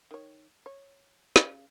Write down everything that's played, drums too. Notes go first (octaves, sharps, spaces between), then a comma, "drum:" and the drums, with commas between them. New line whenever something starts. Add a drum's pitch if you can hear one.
D#3 C#5
C#5
C#3, drum: snare